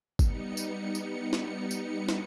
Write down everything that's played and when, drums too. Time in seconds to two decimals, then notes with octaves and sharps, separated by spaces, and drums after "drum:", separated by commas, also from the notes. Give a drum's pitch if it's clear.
0.19 G3 B3 D#4 C#7, drum: kick, tambourine
0.57 drum: tambourine
0.95 drum: tambourine
1.33 drum: snare
1.71 drum: tambourine
2.09 drum: snare